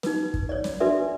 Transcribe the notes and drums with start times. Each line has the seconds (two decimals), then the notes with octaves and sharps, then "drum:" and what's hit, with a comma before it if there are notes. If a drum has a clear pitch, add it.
0.03 D#4 B4, drum: snare
0.34 drum: kick
0.49 C#5 D5
0.64 drum: snare
0.80 D4 F#4 A4 B4 D5 E5